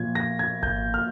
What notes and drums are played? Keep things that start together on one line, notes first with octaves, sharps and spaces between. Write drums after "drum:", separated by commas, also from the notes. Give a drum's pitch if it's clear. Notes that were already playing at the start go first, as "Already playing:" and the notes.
Already playing: A#2 F3 G#6
A#6
G#6
G6, drum: kick G#1
F6